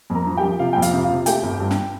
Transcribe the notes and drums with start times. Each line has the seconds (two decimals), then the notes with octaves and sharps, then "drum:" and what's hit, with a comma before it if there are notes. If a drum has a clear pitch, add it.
0.10 F2 A#4 A#5
0.27 F3
0.37 G4 G5
0.43 F3
0.59 C3 F4 F5
0.73 F2 G5
0.82 F4 F5, drum: hi-hat
0.93 C3
1.04 F4 F5
1.10 C3
1.26 A3 G4 G5, drum: hi-hat
1.43 G1
1.60 G2
1.71 drum: snare